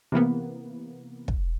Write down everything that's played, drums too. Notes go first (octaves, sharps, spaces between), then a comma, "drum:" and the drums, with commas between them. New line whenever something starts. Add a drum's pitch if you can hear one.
C3 E3 A#3 B3
drum: kick